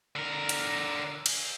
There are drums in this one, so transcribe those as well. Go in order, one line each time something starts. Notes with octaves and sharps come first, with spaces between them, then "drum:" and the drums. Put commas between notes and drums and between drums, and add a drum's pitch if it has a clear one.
D3 A#4
drum: hi-hat
drum: cymbal